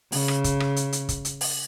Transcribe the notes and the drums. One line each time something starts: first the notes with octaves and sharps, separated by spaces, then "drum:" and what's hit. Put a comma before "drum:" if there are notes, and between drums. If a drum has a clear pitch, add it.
C#3, drum: open hi-hat
drum: rim click
drum: kick, hi-hat
drum: rim click
drum: hi-hat
drum: hi-hat
drum: kick, hi-hat
drum: hi-hat
drum: open hi-hat